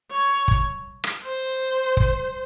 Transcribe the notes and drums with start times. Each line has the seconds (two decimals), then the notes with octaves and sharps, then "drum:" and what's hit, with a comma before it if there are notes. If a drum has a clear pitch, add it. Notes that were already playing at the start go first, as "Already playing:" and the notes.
0.11 C#5
0.48 drum: kick
1.04 drum: rim click
1.23 C5
1.97 drum: kick